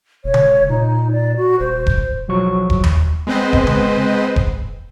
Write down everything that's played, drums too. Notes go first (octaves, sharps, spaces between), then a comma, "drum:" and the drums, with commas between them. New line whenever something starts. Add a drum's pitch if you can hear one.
E1 C#5
drum: tom C#3
A#2 D#4
D5
F#4
D#1 C5
drum: kick E1
B1 F3 F#3 C#6
drum: kick E1
drum: tom D#2
G#3 B3 C4 B4 C5 D#5
drum: kick E1
drum: tom C#3
drum: kick E1